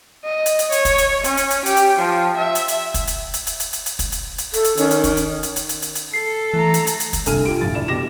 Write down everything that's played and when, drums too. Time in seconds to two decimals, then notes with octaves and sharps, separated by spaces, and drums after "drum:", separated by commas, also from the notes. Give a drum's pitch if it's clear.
0.25 D#5
0.46 drum: hi-hat
0.59 drum: hi-hat
0.72 C#5, drum: hi-hat
0.85 drum: kick, hi-hat
0.98 drum: hi-hat
1.24 C#4, drum: hi-hat
1.37 drum: hi-hat
1.50 drum: hi-hat
1.66 G4, drum: hi-hat
1.77 drum: hi-hat
1.99 F3
2.38 E5
2.55 drum: hi-hat
2.68 drum: hi-hat
2.94 drum: kick, hi-hat
3.07 drum: hi-hat
3.34 drum: hi-hat
3.47 drum: hi-hat
3.60 drum: hi-hat
3.73 drum: hi-hat
3.86 drum: hi-hat
3.99 drum: kick, hi-hat
4.12 drum: hi-hat
4.38 drum: hi-hat
4.53 A4, drum: hi-hat
4.64 drum: hi-hat
4.77 D#3 C#4, drum: hi-hat
4.91 drum: hi-hat
5.04 drum: kick, hi-hat
5.17 drum: hi-hat
5.43 drum: hi-hat
5.56 drum: hi-hat
5.69 drum: hi-hat
5.82 drum: hi-hat
5.95 drum: hi-hat
6.14 A4 C7
6.54 E3 A3 A#5
6.74 drum: hi-hat
6.87 drum: hi-hat
7.00 drum: hi-hat
7.13 drum: kick, hi-hat
7.26 C2 D3 A3 G#5 F6 D#7, drum: hi-hat
7.45 F4 G4 D7
7.61 D2 A2 F3 A6
7.75 D2 E4 D5 E7
7.88 B2 G4 D6 A#6 E7